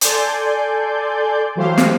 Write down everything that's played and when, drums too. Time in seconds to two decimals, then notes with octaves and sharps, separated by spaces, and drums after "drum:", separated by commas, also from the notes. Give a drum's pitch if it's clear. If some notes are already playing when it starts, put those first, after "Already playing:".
0.01 A4 D5 G#5 C6 G6, drum: hi-hat
1.55 E3 F#3 A3 G4 C5 F5
1.78 drum: snare